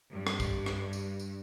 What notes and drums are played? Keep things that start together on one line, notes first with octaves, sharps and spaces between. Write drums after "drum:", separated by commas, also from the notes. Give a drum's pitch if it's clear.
G2
drum: rim click
drum: kick, tambourine
drum: rim click
drum: tambourine
drum: tambourine